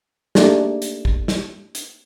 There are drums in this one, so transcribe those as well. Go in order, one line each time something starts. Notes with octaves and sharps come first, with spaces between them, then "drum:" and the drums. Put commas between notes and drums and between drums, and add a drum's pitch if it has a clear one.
A3 A#3 D4 D#4 G4 G#4, drum: snare
drum: hi-hat
drum: kick
drum: snare
drum: hi-hat